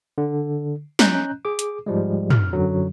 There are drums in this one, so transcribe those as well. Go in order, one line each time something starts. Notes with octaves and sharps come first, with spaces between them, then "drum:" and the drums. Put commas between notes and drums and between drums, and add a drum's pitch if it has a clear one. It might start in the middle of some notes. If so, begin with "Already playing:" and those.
D3
C#4 D#5 A#5 F#6 G6, drum: snare
G#4 D6
drum: hi-hat
G#2 F3 G3 G#3
F6, drum: tom
F#2 D3 F#3